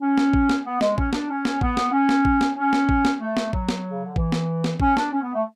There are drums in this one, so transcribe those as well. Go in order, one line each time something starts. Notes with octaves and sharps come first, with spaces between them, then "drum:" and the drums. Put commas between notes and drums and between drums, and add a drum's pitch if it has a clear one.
C#4
drum: snare
drum: kick A1
drum: snare
B3
G#3, drum: snare
C#4, drum: kick A1
D4, drum: snare
C#4
drum: snare
B3, drum: kick A1
drum: snare
C#4
drum: snare
drum: kick A1
drum: snare
C#4
drum: snare
drum: kick A1
drum: snare
A3
drum: snare
F#3, drum: kick A1
drum: snare
C#3
D3
E3, drum: kick A1
drum: snare
drum: snare
C#4, drum: kick A1
D4, drum: snare
C#4
B3
A3